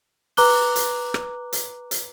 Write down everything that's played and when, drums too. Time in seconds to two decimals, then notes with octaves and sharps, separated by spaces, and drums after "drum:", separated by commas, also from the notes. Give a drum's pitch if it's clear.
0.37 B4 A#5 D6 F#6 G7, drum: open hi-hat
0.76 drum: hi-hat
1.14 drum: rim click
1.53 drum: hi-hat
1.91 drum: hi-hat